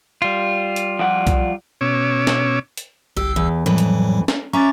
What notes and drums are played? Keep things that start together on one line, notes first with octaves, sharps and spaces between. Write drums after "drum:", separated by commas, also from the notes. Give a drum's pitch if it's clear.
G3 F4
drum: hi-hat
F3 D5 F#5
drum: kick B1, hi-hat
B2 C#4 C#5 D6 E6
drum: snare
drum: hi-hat
G1 C2 G4 E6
E2
F2 A2 E3 F#3 G3
drum: hi-hat
drum: snare
C#4 E5 A#5 C#6 D6 A6